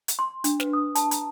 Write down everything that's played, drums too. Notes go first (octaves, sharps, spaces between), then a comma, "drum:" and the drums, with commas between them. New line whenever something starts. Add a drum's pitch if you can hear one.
drum: hi-hat
C6
D4, drum: hi-hat
B4, drum: snare
D#6
A5, drum: hi-hat
A#5, drum: hi-hat